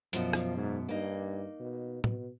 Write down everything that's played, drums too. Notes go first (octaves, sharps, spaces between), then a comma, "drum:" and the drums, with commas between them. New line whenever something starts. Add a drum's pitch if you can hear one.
F#2 B2 F3, drum: hi-hat
drum: rim click
G#2
G2 A#3 D#4
B2
B2, drum: tom